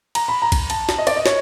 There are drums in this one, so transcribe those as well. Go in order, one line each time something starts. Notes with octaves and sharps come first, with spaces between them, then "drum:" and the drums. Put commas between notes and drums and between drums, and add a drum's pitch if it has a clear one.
A#5, drum: cymbal
B5
A#5
drum: kick, cymbal
A5, drum: cymbal
drum: snare
D#5
D5, drum: cymbal
D#5
C#5, drum: snare